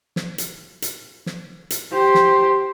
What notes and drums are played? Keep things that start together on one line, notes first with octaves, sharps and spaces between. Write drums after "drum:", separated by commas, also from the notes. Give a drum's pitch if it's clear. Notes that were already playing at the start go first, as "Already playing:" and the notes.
drum: snare
drum: hi-hat
drum: hi-hat
drum: snare
drum: hi-hat
G4 C5
drum: snare